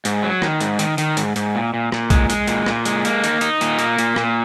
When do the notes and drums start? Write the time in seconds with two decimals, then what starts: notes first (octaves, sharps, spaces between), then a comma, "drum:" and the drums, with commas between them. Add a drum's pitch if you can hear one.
0.05 G#2, drum: hi-hat
0.23 F#3
0.42 D#3, drum: rim click
0.61 G#2, drum: hi-hat
0.79 D#3, drum: hi-hat
0.98 D#3, drum: hi-hat
1.17 G#2, drum: hi-hat
1.36 G#2, drum: hi-hat
1.55 A#2
1.74 A#2
1.92 A#2, drum: rim click
2.10 G#3, drum: kick B1, hi-hat
2.30 G#3, drum: hi-hat
2.48 A#2, drum: hi-hat
2.66 A#2, drum: rim click
2.85 G#3, drum: hi-hat
3.05 A#3, drum: hi-hat
3.24 D#4, drum: hi-hat
3.41 D#4, drum: hi-hat
3.61 A#2, drum: hi-hat
3.79 A#3, drum: hi-hat
3.99 A#2, drum: hi-hat
4.16 A#2, drum: rim click